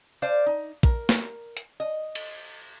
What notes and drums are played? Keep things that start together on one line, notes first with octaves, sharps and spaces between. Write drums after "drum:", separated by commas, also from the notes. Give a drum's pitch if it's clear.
C5 D5 F5
D#4
A#4, drum: kick
drum: snare
drum: hi-hat
D#5
drum: cymbal